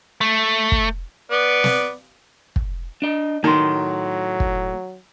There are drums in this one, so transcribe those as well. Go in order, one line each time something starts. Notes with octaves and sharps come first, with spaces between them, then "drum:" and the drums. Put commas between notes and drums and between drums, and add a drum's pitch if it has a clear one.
A3
drum: kick
B3 D5
drum: snare
drum: kick
D4 D#5
A2 D#3 F#3 C6
drum: kick